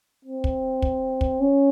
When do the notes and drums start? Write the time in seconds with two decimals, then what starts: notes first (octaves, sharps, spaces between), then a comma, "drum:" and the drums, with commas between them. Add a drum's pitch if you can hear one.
0.25 C4
0.44 drum: kick
0.82 drum: kick
1.21 drum: kick
1.40 C#4